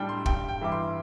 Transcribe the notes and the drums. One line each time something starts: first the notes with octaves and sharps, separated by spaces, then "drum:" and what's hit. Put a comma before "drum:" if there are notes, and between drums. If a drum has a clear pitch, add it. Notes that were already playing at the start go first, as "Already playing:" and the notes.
Already playing: A2 G3 D4 G5
C6
G2 G5, drum: kick
G5
E3 G3 E4 D6
C6